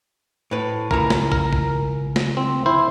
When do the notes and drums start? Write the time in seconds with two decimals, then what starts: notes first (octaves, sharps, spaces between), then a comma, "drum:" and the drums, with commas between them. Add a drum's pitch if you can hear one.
0.51 A2 B4
0.91 C#2 E4 A#4 A#5, drum: kick
1.10 drum: snare
1.32 A#4, drum: kick
1.53 drum: kick
2.16 drum: snare
2.37 C4
2.66 E4 C5